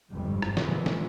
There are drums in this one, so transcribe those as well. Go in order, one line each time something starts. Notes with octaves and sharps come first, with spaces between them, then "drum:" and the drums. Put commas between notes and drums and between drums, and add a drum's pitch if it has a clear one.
G1 F2 G#2 G3
drum: rim click
A#2 D3 E3 F3 G#3, drum: snare
drum: snare